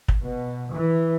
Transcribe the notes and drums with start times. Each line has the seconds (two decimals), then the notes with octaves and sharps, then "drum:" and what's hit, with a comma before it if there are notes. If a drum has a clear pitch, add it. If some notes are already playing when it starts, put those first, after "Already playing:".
0.08 drum: kick
0.23 B2
0.73 E3